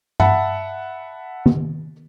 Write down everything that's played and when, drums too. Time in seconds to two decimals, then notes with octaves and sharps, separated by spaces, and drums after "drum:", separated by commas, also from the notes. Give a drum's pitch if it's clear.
0.20 E5 F#5 A5 B5, drum: tom G2
1.46 drum: tom